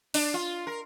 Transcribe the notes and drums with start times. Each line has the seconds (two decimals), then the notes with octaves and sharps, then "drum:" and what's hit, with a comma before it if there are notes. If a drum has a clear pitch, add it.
0.14 D4, drum: open hi-hat
0.34 F4
0.67 A#4